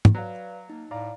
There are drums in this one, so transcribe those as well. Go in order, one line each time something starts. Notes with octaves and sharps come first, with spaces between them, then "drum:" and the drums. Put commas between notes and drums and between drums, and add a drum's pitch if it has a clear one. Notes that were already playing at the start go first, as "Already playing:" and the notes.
drum: tom
F#3 B4 D5 F5
A#3 D#4
A2 D5 F5 A#5